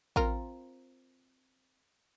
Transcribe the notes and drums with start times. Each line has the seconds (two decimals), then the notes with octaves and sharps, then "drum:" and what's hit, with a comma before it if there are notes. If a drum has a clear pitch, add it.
0.16 C4 F4 A#4, drum: kick A1